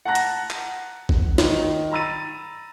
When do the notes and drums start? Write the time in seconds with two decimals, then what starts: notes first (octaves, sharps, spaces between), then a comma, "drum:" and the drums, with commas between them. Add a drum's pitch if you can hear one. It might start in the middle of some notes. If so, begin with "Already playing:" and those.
0.05 F#5 A5 A#5 F#6 A#6
0.15 drum: hi-hat
0.50 drum: clap
1.09 drum: kick
1.38 D#3, drum: snare
1.91 A#5 B5 E6 A6 D#7